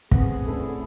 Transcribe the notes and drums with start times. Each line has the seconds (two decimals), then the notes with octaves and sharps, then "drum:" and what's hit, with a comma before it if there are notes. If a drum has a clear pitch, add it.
0.11 B3 C4 G#4 F#5, drum: kick
0.46 D3 A3 C#4 E4 A4